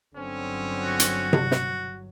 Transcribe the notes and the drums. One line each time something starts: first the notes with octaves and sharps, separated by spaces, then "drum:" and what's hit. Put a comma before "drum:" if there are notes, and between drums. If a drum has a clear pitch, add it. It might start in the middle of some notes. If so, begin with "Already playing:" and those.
G1 D3 F#3 C4 C#4
F#4
drum: hi-hat
drum: tom C3
drum: snare